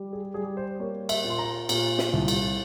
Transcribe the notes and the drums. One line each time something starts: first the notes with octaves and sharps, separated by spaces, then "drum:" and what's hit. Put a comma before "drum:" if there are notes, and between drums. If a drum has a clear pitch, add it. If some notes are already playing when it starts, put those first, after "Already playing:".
Already playing: G3
G#4
G3 G#4
C5
A#3 C#5
E5, drum: cymbal
A#2
C6
A#5
A#2, drum: cymbal
drum: snare
C2
drum: cymbal